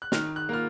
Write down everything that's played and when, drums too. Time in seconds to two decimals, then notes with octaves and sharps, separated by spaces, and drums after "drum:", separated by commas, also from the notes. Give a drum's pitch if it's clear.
0.02 F#6
0.12 D#3 F6, drum: snare
0.36 F#6
0.49 A#3 F4 F6